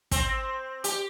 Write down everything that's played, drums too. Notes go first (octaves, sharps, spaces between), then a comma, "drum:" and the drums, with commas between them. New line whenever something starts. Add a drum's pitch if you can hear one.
C4, drum: kick, hi-hat
G4, drum: hi-hat